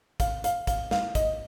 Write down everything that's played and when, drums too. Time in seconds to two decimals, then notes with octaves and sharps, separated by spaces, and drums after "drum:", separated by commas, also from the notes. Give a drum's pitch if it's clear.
0.20 F5, drum: kick, hi-hat
0.44 F5, drum: hi-hat
0.67 F5, drum: kick, hi-hat
0.91 F5, drum: snare
1.15 D#5, drum: kick, hi-hat